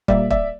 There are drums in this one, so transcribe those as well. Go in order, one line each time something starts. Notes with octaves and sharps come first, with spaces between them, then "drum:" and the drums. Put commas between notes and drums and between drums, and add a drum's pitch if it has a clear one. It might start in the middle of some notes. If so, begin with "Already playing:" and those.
A#2 G3 A#3 D5 E5, drum: kick
D5 E5, drum: kick